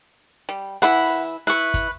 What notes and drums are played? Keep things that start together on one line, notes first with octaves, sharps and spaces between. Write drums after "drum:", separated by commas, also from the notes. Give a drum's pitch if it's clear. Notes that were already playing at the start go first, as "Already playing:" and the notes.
G3
E3 E4 F#5 B5, drum: hi-hat
drum: open hi-hat
E4 B4 C#6
drum: kick, hi-hat